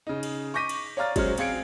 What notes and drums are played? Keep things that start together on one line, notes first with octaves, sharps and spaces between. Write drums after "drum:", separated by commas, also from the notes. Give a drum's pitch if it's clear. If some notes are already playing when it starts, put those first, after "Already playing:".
C#3 D#4
drum: cymbal
C#6 D6 G6 A#6 B6 D#7
drum: cymbal
C#5 D5 F5 A#5 F6 A6
F#3 G#3 C#4 C5 F6, drum: kick, cymbal
C4 G#4 F5 G#6 C#7 D7, drum: cymbal